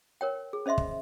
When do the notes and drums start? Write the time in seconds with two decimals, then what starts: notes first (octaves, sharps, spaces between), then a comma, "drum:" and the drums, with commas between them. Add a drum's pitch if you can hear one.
0.21 A#4 C#5 G5
0.53 G#4
0.66 C#4 C5 D#5 E5 C6
0.78 drum: kick